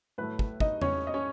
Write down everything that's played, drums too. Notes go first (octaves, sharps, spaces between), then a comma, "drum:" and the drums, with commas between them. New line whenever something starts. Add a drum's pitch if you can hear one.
A2 F#3 A3 B4
drum: kick
D#4 D#5, drum: kick
C#4 C#5, drum: tom E2
D#5
C#4 C#5